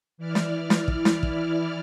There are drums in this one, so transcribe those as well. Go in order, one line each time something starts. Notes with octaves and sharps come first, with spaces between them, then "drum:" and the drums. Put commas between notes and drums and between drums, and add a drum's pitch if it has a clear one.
E3 E4 D5 F6
drum: snare
drum: snare
drum: kick
drum: snare
drum: kick